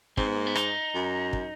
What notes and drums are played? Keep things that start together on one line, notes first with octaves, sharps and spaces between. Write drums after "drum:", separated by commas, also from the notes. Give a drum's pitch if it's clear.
G#2 C4, drum: kick
B3
A#3
B3
D#4, drum: rim click
F#2
drum: kick